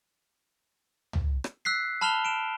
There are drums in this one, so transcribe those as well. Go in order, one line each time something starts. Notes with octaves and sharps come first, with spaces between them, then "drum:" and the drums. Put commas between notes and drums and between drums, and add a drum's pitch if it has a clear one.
drum: tom
drum: rim click
E6 F#6 B6 C7
A5 B5 F6 E7 F7 G7
D7 E7